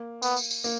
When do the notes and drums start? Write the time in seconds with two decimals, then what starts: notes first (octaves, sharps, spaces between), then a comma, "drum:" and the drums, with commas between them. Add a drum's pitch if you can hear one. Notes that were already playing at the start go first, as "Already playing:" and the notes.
Already playing: A#3
0.22 B3, drum: tambourine
0.37 drum: tambourine
0.51 drum: tambourine
0.64 A#3, drum: tambourine